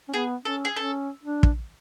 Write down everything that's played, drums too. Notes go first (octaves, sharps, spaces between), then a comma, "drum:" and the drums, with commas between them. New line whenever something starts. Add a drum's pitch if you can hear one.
C#4
B3 G#4
C#4 A4
G#4
C#4 A4
D4
drum: kick